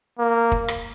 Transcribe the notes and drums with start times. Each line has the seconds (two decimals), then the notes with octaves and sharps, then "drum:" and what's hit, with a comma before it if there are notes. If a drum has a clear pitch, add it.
0.19 A#3
0.52 drum: kick
0.68 drum: rim click